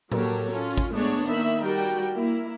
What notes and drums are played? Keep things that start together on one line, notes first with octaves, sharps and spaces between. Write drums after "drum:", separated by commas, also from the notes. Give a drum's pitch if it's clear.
F#3 A#3 G4 A4 A#4 C#5, drum: tom A2
C#4 F4
drum: kick
G#3 A3 B3 D4 C#5
D#3 A#3 E5 B5, drum: hi-hat
G3 F#4 A#4 G5
A#3 E4